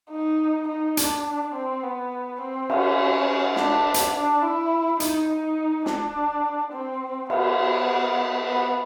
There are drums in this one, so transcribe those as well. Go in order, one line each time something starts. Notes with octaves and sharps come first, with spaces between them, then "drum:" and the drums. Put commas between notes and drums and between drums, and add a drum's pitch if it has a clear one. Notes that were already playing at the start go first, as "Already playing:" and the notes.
D#4
D#4
D4, drum: hi-hat
C4
B3
C4
C#4, drum: cymbal
D4, drum: snare
drum: hi-hat
D4
E4
D#4, drum: hi-hat
D#4
D4, drum: snare
C4
B3, drum: cymbal
B3
B3